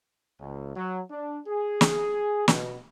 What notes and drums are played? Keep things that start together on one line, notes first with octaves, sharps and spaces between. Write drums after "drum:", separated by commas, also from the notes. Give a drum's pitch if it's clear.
C#2
F#3
D4
G#4
drum: snare
B2, drum: snare